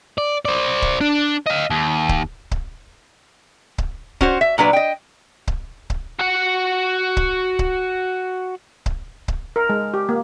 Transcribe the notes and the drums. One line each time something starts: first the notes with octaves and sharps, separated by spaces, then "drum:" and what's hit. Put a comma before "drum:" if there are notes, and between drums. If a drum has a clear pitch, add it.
D5
C5 D5
drum: kick C#1
D4
D#5 F5
D#2
drum: kick C#1
drum: kick C#1
drum: kick C#1
C#4 F#4 C5, drum: kick C#1
E5
A#2 F#3 D4 B4
D#5 G5
drum: kick C#1
drum: kick C#1
F#4 F#5
drum: kick C#1
drum: kick C#1
drum: kick C#1
drum: kick C#1
A#4
G#3
G4
A#3